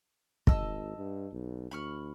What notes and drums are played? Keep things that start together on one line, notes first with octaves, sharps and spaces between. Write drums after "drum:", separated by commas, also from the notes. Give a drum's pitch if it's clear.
G#1 D#5 A5 E6, drum: kick
G2
B1
D2 B5 C#6 F6